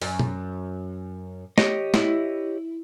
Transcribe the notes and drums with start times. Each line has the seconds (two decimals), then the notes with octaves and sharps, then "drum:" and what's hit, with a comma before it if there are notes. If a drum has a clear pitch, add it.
0.02 F#2, drum: open hi-hat
0.19 drum: tom B2
1.58 G4 C#5 D#5, drum: snare
1.94 E4, drum: snare